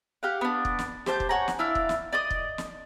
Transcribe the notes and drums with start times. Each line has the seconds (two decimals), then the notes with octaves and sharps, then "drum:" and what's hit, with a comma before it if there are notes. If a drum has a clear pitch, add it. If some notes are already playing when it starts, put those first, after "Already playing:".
0.23 G4 F5 F#5
0.41 B3 D4
0.65 drum: kick
0.79 drum: snare
1.06 G4 C5 A5 G6, drum: snare
1.20 drum: kick
1.29 C#5 F#5 G#5 A#5
1.48 drum: snare
1.59 D4 E4 F5 E6
1.75 drum: kick
1.89 drum: snare
2.13 D5 D#5 D#6
2.31 drum: kick
2.58 drum: snare